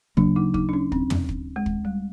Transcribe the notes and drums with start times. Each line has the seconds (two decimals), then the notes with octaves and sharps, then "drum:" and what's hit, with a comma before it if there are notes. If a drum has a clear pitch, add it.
0.17 C#3 F#3 A#3 D4, drum: kick
0.36 D#4
0.54 D#4, drum: kick
0.69 D4
0.73 C#4
0.92 C4, drum: kick
1.10 drum: tom
1.29 drum: kick
1.56 G#3
1.66 drum: kick
1.85 G3